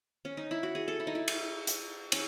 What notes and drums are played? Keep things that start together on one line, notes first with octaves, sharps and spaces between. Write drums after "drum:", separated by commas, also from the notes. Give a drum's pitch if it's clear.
C#4
D#4
E4
F#4
G#4
A4
E4
D#4
E4
drum: cymbal
drum: hi-hat
C#4, drum: cymbal